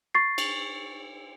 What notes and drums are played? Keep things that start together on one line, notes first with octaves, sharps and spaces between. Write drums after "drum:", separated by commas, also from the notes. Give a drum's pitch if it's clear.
C#6 A6 C7
drum: cymbal